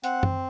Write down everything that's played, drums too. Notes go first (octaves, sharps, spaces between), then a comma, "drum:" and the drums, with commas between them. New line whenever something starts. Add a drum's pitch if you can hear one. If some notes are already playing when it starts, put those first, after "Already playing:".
C4 F#5, drum: hi-hat
drum: tom F#2